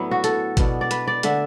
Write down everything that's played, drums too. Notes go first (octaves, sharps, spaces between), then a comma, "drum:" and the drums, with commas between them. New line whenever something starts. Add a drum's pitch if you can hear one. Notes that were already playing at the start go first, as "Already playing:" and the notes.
Already playing: A2 F#3 B3 D4 E4
F#4
A4, drum: hi-hat
B2 B3 D4, drum: kick, hi-hat
D5
B4, drum: hi-hat
D5
D3 A3 D4 E5, drum: hi-hat